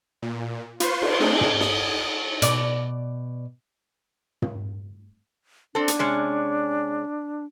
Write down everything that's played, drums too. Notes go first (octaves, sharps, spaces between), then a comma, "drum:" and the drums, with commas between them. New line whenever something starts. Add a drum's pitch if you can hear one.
A#2
F4 B4 C5 C6 C#6, drum: hi-hat
drum: cymbal
A3 C4 D4 D#4 G#4
drum: tom
D#6, drum: snare
B2 D5, drum: hi-hat
drum: tom
C4 D4 A4
drum: hi-hat
C3 G#3 C#4